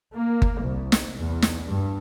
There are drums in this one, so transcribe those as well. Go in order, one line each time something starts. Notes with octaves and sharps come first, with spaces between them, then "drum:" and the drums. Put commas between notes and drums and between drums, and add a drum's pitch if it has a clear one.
A#3
drum: kick G1
C2
drum: snare
E2
drum: snare
G2